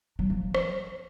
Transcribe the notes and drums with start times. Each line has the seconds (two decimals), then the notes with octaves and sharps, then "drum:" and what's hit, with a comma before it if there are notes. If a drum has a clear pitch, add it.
0.19 F#3
0.30 F3
0.55 drum: rim click